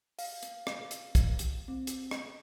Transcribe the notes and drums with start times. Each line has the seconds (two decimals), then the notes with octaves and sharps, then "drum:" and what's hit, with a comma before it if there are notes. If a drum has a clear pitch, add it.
0.19 F5, drum: open hi-hat
0.43 drum: hi-hat
0.67 drum: rim click
0.91 drum: hi-hat
1.15 drum: kick, hi-hat
1.39 drum: hi-hat
1.68 C4
1.87 drum: hi-hat
2.11 drum: rim click